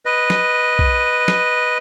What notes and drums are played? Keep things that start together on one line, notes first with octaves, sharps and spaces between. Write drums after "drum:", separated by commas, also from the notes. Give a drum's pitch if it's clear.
B4 D#5
drum: snare
drum: kick
drum: snare